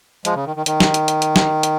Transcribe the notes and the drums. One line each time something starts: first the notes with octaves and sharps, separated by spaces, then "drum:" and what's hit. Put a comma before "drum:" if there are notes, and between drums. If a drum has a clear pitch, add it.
F3 G#3, drum: hi-hat
C#3
D#3
D#3
D#3, drum: hi-hat
drum: snare
drum: hi-hat
drum: hi-hat
drum: hi-hat
drum: snare
drum: hi-hat